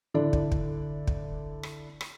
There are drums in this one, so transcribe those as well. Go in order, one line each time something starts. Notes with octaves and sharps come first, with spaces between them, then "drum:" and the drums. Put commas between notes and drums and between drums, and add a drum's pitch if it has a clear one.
D3 D4 E4 A4 D5
drum: kick
drum: kick
drum: kick
drum: rim click
drum: rim click